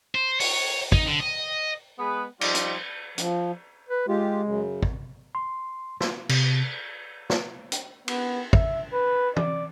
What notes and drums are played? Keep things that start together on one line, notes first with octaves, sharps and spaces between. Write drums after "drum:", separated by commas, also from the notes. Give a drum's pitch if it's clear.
C5
C#5, drum: open hi-hat
D#4, drum: kick
D3
D#5
G#3 B3 G#4 B4
F3 G3 D#4 F4, drum: cymbal
drum: hi-hat
F3, drum: hi-hat
B4
G#3 F4 G4
F#2 C#3
drum: kick
C6
drum: snare
C3, drum: cymbal
drum: snare
drum: hi-hat
B3, drum: cymbal
E5, drum: kick
B4
D5, drum: tom